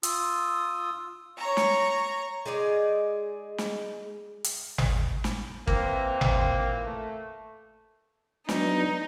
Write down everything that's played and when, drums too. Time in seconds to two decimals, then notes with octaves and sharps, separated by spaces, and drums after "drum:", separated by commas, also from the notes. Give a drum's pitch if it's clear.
0.03 F4 D#6 E6, drum: hi-hat
1.38 C#5 A#5
1.57 drum: snare
2.46 G#3 D#4 G#4 D5
3.58 drum: snare
4.44 drum: hi-hat
4.78 drum: tom G#1
5.24 drum: snare
5.67 A#2 E3 A#3 C4, drum: kick
6.21 drum: tom G#1
6.85 A3
8.49 F#3 B3 D4 D#4, drum: snare